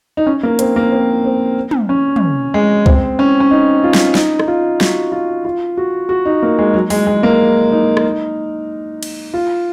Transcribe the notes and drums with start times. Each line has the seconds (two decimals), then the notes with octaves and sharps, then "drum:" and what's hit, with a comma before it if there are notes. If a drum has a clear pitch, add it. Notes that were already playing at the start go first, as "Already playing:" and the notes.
0.17 D#4
0.27 C#4
0.43 A#3
0.59 C4, drum: hi-hat
0.76 A#3
0.92 C4
1.24 C4
1.71 drum: tom
1.89 C#4
2.16 drum: tom
2.54 G#3
2.86 C4, drum: kick C2
3.19 C#4
3.40 C#4
3.51 D#4
3.84 F4
3.94 drum: snare
4.15 D#4, drum: snare
4.39 D#4, drum: rim click
4.48 F4
4.81 F#4, drum: snare
5.12 F4
5.45 F4
5.78 F#4
6.09 F#4
6.25 D#4
6.43 A#3
6.59 G#3
6.74 F#3
6.90 G#3, drum: open hi-hat
7.07 G#3
7.23 A#3
7.71 D#4
7.97 drum: rim click
9.03 drum: cymbal
9.34 F4